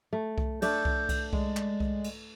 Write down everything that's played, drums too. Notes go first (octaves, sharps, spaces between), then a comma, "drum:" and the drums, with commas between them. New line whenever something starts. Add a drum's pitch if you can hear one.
A3
drum: kick C2
A3 D4 A4 G6, drum: cymbal
drum: kick C2
drum: kick C2, cymbal
G#3 D5, drum: kick C2
drum: clap
drum: kick C2
drum: cymbal